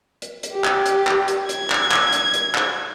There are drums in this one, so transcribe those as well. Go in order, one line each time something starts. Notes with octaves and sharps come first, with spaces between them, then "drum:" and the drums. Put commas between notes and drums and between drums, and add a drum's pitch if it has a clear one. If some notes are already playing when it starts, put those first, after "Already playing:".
drum: hi-hat
drum: hi-hat
G4
drum: clap
drum: hi-hat
drum: clap
drum: hi-hat
G#6, drum: hi-hat
drum: clap
drum: clap
drum: hi-hat
drum: hi-hat
drum: clap